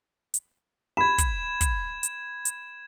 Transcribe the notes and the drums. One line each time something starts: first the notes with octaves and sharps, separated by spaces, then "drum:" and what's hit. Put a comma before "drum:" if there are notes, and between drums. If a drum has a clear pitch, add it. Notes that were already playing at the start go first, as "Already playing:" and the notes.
drum: hi-hat
B5 G#6 E7
drum: kick, hi-hat
drum: kick, hi-hat
drum: hi-hat
drum: hi-hat